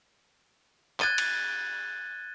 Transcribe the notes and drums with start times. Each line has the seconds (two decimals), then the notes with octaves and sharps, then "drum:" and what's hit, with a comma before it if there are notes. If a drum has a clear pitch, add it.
1.00 F#6 G#6 A6 D#7 G7, drum: clap
1.18 drum: cymbal